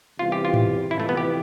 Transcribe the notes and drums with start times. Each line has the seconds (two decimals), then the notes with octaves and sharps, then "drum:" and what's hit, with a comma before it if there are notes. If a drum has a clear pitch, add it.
0.19 E2 C3 E3 G3 F4
0.32 G4
0.45 F4
0.54 drum: tom G#2
0.91 F2 C3 E3 E4
1.00 A3
1.09 B3
1.17 G4